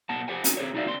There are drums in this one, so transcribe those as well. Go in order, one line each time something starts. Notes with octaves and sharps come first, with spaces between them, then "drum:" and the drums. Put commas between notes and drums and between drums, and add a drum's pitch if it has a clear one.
B1 B3 F#5 A5
G4 C5 F#5 G#5
C4 C#4 D#4 F#4 A#4, drum: hi-hat
C4 G#4 C5 C#5
B1 D#4 F#4 D5 E5 F5
D2 C4 D4 C6